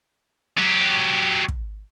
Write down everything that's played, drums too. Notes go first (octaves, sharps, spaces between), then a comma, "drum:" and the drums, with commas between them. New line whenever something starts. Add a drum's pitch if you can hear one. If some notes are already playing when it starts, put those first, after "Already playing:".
F#3 G4
drum: kick